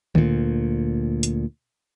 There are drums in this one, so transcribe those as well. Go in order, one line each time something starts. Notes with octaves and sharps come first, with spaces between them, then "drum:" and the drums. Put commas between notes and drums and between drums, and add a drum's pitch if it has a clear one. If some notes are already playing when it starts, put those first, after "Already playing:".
D2 A#2, drum: tom D3
drum: hi-hat